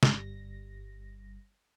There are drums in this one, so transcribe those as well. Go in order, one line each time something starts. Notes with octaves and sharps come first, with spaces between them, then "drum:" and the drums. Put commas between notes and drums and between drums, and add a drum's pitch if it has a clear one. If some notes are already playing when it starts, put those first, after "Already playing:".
G1 G3 A#6, drum: snare